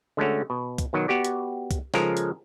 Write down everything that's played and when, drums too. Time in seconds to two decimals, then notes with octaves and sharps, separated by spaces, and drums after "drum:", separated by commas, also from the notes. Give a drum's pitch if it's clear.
0.17 D3 G#3 A3 C#4 F#4
0.50 B2
0.78 drum: kick, hi-hat
0.93 B2 D#3 F#3
1.08 B3 F#4 G4 D5
1.25 drum: hi-hat
1.71 drum: kick, hi-hat
1.94 C#3 F3 G#3 F4 A4 A#4, drum: snare
2.17 drum: hi-hat